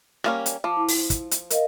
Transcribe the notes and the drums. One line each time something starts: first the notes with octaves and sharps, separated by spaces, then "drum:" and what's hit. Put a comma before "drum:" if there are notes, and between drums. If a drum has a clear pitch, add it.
G3 A#3 C#4, drum: rim click
drum: hi-hat
F3 A5 D6
E4
drum: open hi-hat
drum: kick, hi-hat
drum: hi-hat
A#4 D#5 F5, drum: hi-hat